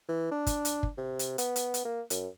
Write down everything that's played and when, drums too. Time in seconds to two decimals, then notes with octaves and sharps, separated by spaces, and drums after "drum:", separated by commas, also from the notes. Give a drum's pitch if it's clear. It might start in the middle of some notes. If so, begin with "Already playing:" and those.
0.09 E3
0.31 D4
0.47 drum: kick, hi-hat
0.65 drum: hi-hat
0.83 drum: kick
0.97 C3
1.19 drum: hi-hat
1.38 B3, drum: hi-hat
1.56 drum: hi-hat
1.74 drum: hi-hat
1.85 A#3
2.10 F#2, drum: hi-hat